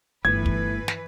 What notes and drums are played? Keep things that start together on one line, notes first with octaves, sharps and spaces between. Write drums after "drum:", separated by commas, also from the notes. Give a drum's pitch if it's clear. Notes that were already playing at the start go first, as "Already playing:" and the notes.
G1 A2 E3 B4 G#6
drum: kick
drum: snare